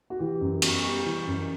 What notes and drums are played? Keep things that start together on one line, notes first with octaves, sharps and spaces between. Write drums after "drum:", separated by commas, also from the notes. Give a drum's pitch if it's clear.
F#4
E3 G4
F#2
B3 F#4, drum: cymbal
G3
E3
F#2